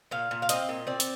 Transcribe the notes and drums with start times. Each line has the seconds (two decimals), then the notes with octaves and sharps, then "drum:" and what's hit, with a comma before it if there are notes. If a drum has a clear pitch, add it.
0.11 A#2 F5
0.31 A#2
0.42 F5
0.49 C4 D#5, drum: hi-hat
0.69 A#2
0.87 C4 D5
1.00 drum: hi-hat